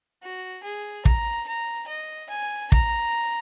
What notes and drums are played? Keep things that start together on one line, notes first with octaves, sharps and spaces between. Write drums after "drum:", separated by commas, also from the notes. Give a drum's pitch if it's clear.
F#4
G#4
A#5, drum: kick
A#5
D#5
G#5
A#5, drum: kick